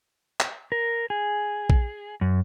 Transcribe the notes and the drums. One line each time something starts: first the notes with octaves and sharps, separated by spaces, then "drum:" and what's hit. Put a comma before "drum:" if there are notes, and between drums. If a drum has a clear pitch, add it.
drum: clap
A#4
G#4
drum: kick A#1
F#2